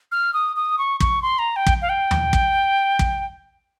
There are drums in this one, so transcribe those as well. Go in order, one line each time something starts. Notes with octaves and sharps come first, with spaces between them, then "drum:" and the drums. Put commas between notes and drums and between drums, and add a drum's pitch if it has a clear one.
F6
D#6
D#6
C#6
C#6, drum: kick
C6
A#5
G5
drum: kick
F5
G5
drum: tom D#2
drum: kick
drum: kick